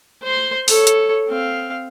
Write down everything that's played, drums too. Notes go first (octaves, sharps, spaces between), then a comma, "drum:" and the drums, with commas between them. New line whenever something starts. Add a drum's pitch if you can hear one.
C5 C6
A4 C#5, drum: open hi-hat
drum: hi-hat
C4 F5